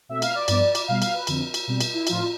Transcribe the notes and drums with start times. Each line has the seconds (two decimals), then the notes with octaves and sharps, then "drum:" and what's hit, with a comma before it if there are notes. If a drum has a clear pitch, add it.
0.09 B2 A3 C4 E5
0.22 F5, drum: cymbal
0.35 D5
0.48 G2 F3 B3, drum: cymbal
0.75 drum: cymbal
0.88 B2 G3 B3 F5
1.02 F5, drum: cymbal
1.14 B4
1.27 F2 D3 F3 C4, drum: cymbal
1.54 drum: cymbal
1.67 B2 G3 C4
1.80 drum: cymbal
1.94 E4
2.07 A2 F3 C4 F4, drum: cymbal